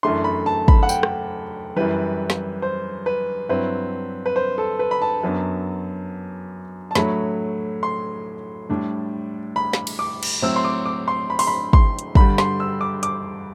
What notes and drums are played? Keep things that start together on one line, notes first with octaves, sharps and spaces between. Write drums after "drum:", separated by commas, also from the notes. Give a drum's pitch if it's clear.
F#2 E3 A3 D4 C6
B5
A5
B5, drum: kick
F#5
G5, drum: tambourine
drum: rim click
F#2 E3 G3 B4
drum: snare
C5
B4
G2 F#3 C4 E4 B4
B4
C5
A4
B4
B5
A5
F#2 F#3 B3 D4
A5
A2 F#3 A3 D4 B5, drum: snare
C6
A2 G3 D4
B5
drum: snare
drum: cymbal
D6
drum: cymbal
A2 F#3 C4 E4 E6
C6
D6
D6
C6
B5
C6, drum: open hi-hat
B5
C6, drum: kick
drum: hi-hat
G2 D3 G3 B5, drum: kick
C6, drum: snare
E6
D6
D6, drum: hi-hat